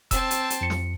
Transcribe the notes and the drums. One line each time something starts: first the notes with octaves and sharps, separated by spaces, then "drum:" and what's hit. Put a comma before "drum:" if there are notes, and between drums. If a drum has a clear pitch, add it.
C4 A5 E6, drum: kick E1, hi-hat
drum: hi-hat
drum: hi-hat
F2 C#7
drum: snare